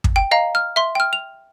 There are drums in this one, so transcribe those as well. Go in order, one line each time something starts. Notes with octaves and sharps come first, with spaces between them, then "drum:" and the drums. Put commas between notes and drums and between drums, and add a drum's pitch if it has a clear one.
drum: kick
G5
D#5 F5 A#5
F6
E5 C6
G5 F6
F7